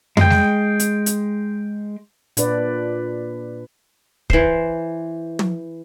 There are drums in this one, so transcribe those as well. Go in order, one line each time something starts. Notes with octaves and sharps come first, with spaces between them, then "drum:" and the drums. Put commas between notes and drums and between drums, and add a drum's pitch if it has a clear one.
G#3 G5, drum: tom F2
drum: snare G3
drum: hi-hat
drum: hi-hat
A#2 D4 B4 D5, drum: hi-hat
E3 C5, drum: kick
drum: tom